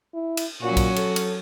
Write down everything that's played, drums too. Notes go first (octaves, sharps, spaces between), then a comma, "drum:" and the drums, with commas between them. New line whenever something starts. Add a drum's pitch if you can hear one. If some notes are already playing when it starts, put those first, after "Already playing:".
E4
drum: cymbal
A#2 F#3 C#4 F#4
drum: kick, cymbal
A4, drum: cymbal
drum: cymbal